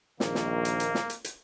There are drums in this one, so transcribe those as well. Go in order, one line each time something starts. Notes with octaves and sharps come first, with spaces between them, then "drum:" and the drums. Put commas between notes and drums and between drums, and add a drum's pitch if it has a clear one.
A#1 D#3 A#3, drum: snare
drum: snare
drum: hi-hat
drum: hi-hat
drum: snare
drum: hi-hat
drum: hi-hat